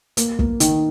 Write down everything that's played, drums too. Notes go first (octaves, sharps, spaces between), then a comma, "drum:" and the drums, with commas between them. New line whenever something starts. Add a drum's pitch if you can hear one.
A#3, drum: hi-hat
A#3, drum: kick
D#3, drum: hi-hat